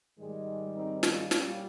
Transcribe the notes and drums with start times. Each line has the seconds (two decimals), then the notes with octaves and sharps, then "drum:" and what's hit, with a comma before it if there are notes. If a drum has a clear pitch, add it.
0.18 G#2 D#3 G3 G#3
0.74 C4 D#4
1.03 C#4 F4, drum: snare
1.31 A#2 G3 C#4 F4, drum: snare